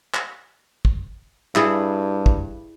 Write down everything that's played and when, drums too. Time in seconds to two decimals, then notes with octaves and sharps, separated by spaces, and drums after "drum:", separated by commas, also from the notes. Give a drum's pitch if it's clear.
0.14 drum: clap
0.85 drum: kick
1.55 G2 E4 G#4, drum: clap
2.26 drum: kick